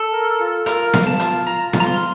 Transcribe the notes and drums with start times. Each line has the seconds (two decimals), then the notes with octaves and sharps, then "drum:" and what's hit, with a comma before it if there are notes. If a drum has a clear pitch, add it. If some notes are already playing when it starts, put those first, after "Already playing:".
Already playing: A4
0.12 A#4
0.40 F4
0.66 F4 A#4, drum: hi-hat
0.93 F5, drum: snare B3
1.07 A5
1.19 F4, drum: hi-hat
1.47 F4 A#5
1.73 F4, drum: snare B3
1.80 A#5
1.87 C6